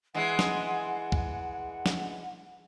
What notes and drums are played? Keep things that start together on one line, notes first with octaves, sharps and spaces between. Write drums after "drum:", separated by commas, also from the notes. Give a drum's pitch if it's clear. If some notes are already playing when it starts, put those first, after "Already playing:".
E3 G#3 F#5
drum: snare
drum: kick
drum: snare